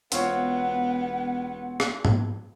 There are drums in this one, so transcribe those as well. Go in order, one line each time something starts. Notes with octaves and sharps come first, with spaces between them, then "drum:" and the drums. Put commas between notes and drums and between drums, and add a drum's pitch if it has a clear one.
E1 B3 C4 F4 C#5 F#5, drum: hi-hat
drum: rim click
drum: tom G#2